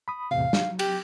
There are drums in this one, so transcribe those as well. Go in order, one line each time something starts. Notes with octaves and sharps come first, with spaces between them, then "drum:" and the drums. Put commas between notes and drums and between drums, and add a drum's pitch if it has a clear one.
B5 D#6
E2 A2 C3 F5
F#3, drum: snare
G4, drum: cymbal